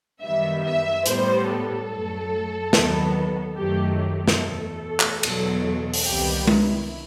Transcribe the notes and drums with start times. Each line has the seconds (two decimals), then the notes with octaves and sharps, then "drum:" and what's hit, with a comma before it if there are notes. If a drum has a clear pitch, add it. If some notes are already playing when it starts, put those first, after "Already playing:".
0.22 F#2 D#3 G3 B3 E5
0.65 E5
1.06 A2 G3 B3 C5, drum: hi-hat
1.48 A4
1.89 F#2 F#3 A3
2.73 D#2 D#3 F#3 B3, drum: snare
3.56 F#2 D#3 F#3 A3 G4
3.98 G4
4.28 drum: snare
4.39 E2 B2 A3 A4
5.00 drum: clap
5.23 E2 B2 F#3, drum: cymbal
5.94 drum: open hi-hat
6.06 C2 C3 D#3 G3 B3 G4
6.47 E4, drum: tom G#3